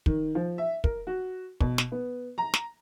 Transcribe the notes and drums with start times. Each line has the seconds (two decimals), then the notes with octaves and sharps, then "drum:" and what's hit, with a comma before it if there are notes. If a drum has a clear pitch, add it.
0.06 D#3, drum: kick
0.35 F3
0.58 E5
0.84 A#4, drum: kick
1.07 F#4
1.60 B2, drum: kick
1.78 drum: snare
1.92 B3
2.38 A#5
2.54 drum: snare